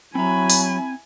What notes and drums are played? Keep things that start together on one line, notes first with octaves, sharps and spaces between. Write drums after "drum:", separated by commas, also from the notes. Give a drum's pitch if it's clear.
F#3 C4 E4 G#5 A#5 B5
drum: open hi-hat